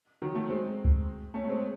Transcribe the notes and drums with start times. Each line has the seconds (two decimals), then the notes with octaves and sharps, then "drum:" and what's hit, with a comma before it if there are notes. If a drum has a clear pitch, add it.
0.22 D#3 F#3
0.35 F#3 A3
0.49 G#3 C4
0.85 drum: kick C#2
1.34 A3 C#4
1.44 A3
1.48 G#3 C4